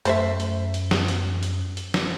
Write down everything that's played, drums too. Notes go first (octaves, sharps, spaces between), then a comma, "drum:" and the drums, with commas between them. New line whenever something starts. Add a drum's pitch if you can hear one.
F#2 A3 C5 E5, drum: hi-hat
drum: hi-hat
drum: hi-hat
drum: snare
drum: hi-hat
drum: hi-hat
drum: hi-hat
drum: snare